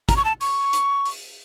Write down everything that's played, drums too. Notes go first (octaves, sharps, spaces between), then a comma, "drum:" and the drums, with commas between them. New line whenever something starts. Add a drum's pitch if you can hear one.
A#5, drum: kick, hi-hat
C#6
A5
C#6, drum: open hi-hat
drum: hi-hat
drum: open hi-hat